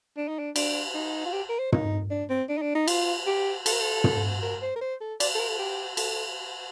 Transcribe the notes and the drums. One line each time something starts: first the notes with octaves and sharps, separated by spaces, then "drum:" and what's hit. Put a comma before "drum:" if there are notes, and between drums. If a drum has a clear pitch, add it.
D4
D#4
D4
D4, drum: cymbal
D#4
F4
G4
A#4
C5
D#4, drum: tom
D4
C4
D4
D#4
D4
D#4
F4, drum: cymbal
G4
A4, drum: cymbal
A#4
A4
drum: tom
A#4
C5
A#4
C5
A4
D5, drum: cymbal
A4
A#4
A4
G4
A4, drum: cymbal